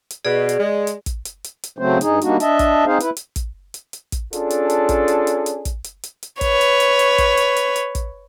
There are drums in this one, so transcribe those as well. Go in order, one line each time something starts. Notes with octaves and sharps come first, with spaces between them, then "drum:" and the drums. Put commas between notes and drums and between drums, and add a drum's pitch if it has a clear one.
drum: hi-hat
B2 G#4 D5
drum: hi-hat
G#3
drum: hi-hat
drum: kick, hi-hat
drum: hi-hat
drum: hi-hat
drum: hi-hat
C#3 F#3 A3 C4 C5
G2 D#4 G#4, drum: hi-hat
G3 A#3 D4 D#4 F#4, drum: hi-hat
D4 D#5 E5 A5, drum: hi-hat
drum: kick, hi-hat
C4 D#4 G#4 C5 F5
E4 B4, drum: hi-hat
drum: hi-hat
drum: kick, hi-hat
drum: hi-hat
drum: hi-hat
drum: kick, hi-hat
C#4 D4 F4 G#4 A4, drum: hi-hat
drum: hi-hat
drum: hi-hat
drum: kick, hi-hat
drum: hi-hat
drum: hi-hat
drum: hi-hat
drum: kick, hi-hat
drum: hi-hat
drum: hi-hat
drum: hi-hat
B4 C#5, drum: kick, hi-hat
drum: hi-hat
drum: hi-hat
drum: hi-hat
drum: kick, hi-hat
drum: hi-hat
drum: hi-hat
drum: hi-hat
drum: kick, hi-hat